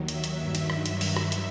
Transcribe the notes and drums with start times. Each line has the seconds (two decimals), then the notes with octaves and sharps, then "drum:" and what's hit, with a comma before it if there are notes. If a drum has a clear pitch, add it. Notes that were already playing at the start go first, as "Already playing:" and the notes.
Already playing: D#2 D#3 F#3
0.08 E5, drum: hi-hat
0.24 drum: hi-hat
0.40 G2 D#3 F#3 E5
0.55 drum: hi-hat
0.70 E5, drum: rim click
0.86 drum: hi-hat
1.01 drum: open hi-hat
1.17 drum: rim click
1.32 drum: hi-hat